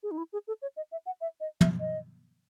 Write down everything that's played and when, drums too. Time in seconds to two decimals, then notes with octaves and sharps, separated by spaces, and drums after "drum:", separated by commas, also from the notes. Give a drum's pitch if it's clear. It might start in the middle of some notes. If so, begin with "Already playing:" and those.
0.03 G#4
0.11 D#4
0.18 E4
0.33 G#4
0.48 A4
0.62 C#5
0.77 D#5
0.92 E5
1.06 F#5
1.21 E5
1.40 D#5
1.61 E5, drum: tom
1.80 D#5